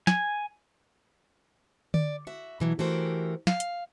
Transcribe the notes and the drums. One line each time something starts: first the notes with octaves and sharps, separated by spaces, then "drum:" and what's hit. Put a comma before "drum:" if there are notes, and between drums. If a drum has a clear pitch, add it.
G#5, drum: snare
D5, drum: tom D3
F#4 E5
B2 E3 F#3
E3 A3 F#4 G4 A#4 C5
F5, drum: snare
drum: hi-hat